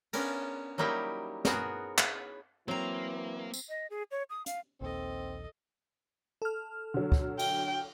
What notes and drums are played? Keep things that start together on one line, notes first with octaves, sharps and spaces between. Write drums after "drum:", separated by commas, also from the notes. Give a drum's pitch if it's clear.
B3 C#4 D4 A#4, drum: cymbal
F#3 G3 A#3 D#4 E4 G4
B3 F#4 G#4 A#4 C#5, drum: snare
B4 C#5, drum: clap
E3 F#3 A#3 C4 A#5
drum: tambourine
D#5
G#4
C#5
D#6
F5, drum: hi-hat
A#1 D#2 C4 A4 D#5
A4 F6
D3 F#3
drum: kick
G5, drum: cymbal